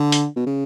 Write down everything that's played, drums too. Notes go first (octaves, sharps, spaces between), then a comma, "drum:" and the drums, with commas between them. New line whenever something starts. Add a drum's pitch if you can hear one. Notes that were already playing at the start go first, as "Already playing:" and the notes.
Already playing: D3
drum: hi-hat
B2
C#3